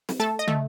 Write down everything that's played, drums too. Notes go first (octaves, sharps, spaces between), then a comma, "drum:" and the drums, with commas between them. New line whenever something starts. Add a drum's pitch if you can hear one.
drum: snare
A3 A4 A5
D#5
A3, drum: tom